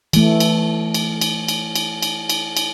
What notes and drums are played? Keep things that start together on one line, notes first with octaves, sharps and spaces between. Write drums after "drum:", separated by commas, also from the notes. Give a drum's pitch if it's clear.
E3 A3, drum: cymbal
drum: cymbal
drum: cymbal
drum: cymbal
drum: cymbal
drum: cymbal
drum: cymbal
drum: cymbal
drum: cymbal